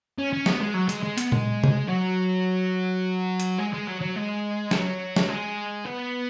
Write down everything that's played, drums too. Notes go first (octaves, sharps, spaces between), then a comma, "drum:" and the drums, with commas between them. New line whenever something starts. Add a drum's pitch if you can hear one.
C#4
C#4
B3, drum: snare
G#3
F#3
G#3, drum: hi-hat
G#3
B3, drum: hi-hat
G#3, drum: tom A#2
drum: tom C3
F#3
drum: hi-hat
G#3
G#3
F#3
F#3
G#3
F#3, drum: snare
drum: snare
G#3
B3